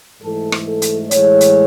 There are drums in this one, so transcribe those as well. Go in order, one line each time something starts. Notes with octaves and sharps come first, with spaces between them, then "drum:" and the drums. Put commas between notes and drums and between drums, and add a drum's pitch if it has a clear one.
G#2 E3 A3 A4
drum: rim click
A4
drum: hi-hat
A2 E3 G#3 C#5, drum: hi-hat
drum: hi-hat